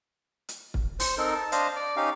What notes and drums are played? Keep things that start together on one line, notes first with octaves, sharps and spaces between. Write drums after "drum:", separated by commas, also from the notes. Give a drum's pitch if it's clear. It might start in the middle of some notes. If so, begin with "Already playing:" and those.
drum: hi-hat
drum: kick
C5, drum: open hi-hat
C4 D#4 A4 A#4
A5
D4 C5 D#5 F5, drum: hi-hat
D5
C#4 D#4 G4 F5